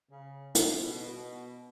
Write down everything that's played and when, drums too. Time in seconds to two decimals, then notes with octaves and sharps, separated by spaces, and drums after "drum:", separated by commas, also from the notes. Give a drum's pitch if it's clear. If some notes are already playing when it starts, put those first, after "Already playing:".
0.10 C#3
0.55 drum: hi-hat
0.83 B2